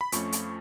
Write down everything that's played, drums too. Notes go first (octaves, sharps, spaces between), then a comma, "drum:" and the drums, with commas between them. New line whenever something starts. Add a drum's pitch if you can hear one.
B5
F2 F3 A3 C#4 C#6, drum: hi-hat
drum: hi-hat